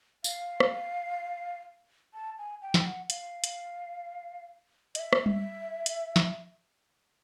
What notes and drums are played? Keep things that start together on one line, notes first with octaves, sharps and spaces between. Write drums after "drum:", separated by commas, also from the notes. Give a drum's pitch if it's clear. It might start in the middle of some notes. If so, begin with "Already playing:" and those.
F5, drum: tambourine
drum: rim click
A5
G#5
G5
drum: snare
F#5
F5, drum: hi-hat
drum: hi-hat
D#5, drum: hi-hat
E5
drum: rim click
drum: tom G3
drum: hi-hat
drum: snare